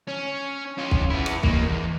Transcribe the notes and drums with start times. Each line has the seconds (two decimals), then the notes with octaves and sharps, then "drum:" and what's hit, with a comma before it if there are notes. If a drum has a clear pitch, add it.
0.07 C#4
0.77 C#4 F4
0.91 drum: kick
1.10 B3 E4
1.26 drum: rim click
1.43 A#3 D#4, drum: kick
1.64 E2